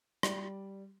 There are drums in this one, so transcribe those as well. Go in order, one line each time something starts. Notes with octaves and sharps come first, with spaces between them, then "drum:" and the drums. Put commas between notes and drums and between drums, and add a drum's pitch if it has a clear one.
G3 D5, drum: rim click